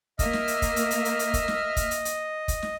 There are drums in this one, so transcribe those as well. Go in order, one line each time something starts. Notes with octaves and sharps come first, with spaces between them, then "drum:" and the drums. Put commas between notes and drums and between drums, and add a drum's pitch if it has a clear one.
A#3 D#5 E5 E6 F6, drum: kick, hi-hat
drum: snare
drum: hi-hat
drum: kick, hi-hat
drum: hi-hat
drum: hi-hat
drum: hi-hat
drum: hi-hat
drum: kick, hi-hat
drum: snare
drum: kick, hi-hat
drum: hi-hat
drum: hi-hat
drum: kick, hi-hat
drum: snare